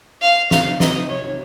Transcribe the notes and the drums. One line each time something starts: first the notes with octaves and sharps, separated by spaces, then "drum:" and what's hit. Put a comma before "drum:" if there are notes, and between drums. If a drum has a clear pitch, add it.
F5
F5, drum: snare
D#5, drum: snare
C#5